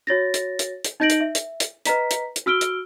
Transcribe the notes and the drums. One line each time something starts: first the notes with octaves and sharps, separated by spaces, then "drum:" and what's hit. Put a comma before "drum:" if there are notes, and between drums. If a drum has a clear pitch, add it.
F#4 C#5 A6 A#6
drum: hi-hat
drum: hi-hat
drum: hi-hat
D#4 D#5 G6 A#6 D7 F#7
drum: hi-hat
E5
drum: hi-hat
drum: hi-hat
B4 D#5 A#5 B6, drum: hi-hat
drum: hi-hat
drum: hi-hat
F#4 E6 F6 D7 G7
drum: hi-hat